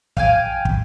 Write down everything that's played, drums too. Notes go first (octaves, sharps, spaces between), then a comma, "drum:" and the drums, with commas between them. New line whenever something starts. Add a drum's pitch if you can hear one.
F5 G5 G#5, drum: kick
drum: kick